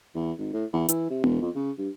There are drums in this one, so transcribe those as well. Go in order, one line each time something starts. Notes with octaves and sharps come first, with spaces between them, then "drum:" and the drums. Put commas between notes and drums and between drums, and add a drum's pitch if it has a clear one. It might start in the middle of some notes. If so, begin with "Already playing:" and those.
E2
G#1
A2
E2
E3, drum: hi-hat
C3
E1, drum: tom B3
F2
C#3
G2